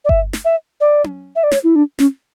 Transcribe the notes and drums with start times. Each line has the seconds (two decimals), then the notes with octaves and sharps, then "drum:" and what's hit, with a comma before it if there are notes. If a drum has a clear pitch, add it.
0.05 D5
0.09 E5, drum: kick G1
0.33 drum: snare
0.45 E5
0.81 D5
1.04 drum: tom C#4
1.36 E5
1.43 D5
1.51 C#5, drum: snare
1.64 E4
1.75 D4
1.99 C#4, drum: snare